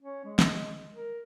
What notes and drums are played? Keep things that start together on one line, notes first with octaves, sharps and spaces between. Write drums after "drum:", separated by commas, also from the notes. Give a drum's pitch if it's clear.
C#4
G#3
drum: snare
A#4